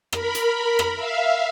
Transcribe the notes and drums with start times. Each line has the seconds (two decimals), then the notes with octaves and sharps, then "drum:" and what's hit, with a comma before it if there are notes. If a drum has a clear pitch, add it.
0.13 A#4 B5, drum: rim click
0.35 drum: hi-hat
0.79 drum: rim click
0.96 E5 F5